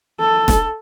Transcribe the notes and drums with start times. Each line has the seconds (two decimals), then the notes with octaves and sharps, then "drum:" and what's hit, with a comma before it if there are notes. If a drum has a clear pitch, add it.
0.20 A4
0.48 drum: snare E1